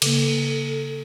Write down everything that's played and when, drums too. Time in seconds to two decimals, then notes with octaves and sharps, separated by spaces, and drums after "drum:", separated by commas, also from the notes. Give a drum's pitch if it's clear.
0.02 C#3 A#3 A4, drum: cymbal